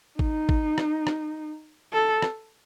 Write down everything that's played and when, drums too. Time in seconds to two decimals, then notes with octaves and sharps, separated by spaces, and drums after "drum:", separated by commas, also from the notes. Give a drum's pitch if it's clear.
0.19 D#4, drum: kick
0.49 drum: kick
0.78 drum: rim click
1.07 drum: rim click
1.93 A4
2.22 drum: rim click